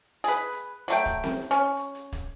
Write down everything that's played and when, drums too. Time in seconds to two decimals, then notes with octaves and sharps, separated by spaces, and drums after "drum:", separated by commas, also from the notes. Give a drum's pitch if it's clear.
0.24 G#4 B4
0.35 drum: hi-hat
0.52 drum: hi-hat
0.88 F#3 A3 G5, drum: hi-hat
1.06 drum: kick, hi-hat
1.24 drum: snare C4
1.41 drum: hi-hat
1.51 C#4
1.77 drum: hi-hat
1.95 drum: hi-hat
2.12 drum: kick, hi-hat